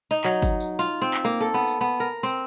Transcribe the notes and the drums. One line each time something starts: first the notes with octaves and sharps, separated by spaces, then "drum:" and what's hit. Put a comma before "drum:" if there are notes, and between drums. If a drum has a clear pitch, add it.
D#4
F#3, drum: clap
drum: kick G1, tambourine
drum: tambourine
F4, drum: tambourine
C4
drum: clap
A#3
A4
B3
drum: tambourine
B3
A#4
C4, drum: tambourine